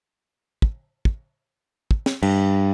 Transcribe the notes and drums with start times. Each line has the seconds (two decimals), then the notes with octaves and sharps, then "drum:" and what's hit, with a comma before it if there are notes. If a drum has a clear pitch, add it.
0.62 drum: kick
1.05 drum: kick
1.91 drum: kick
2.06 drum: snare
2.23 G2, drum: cymbal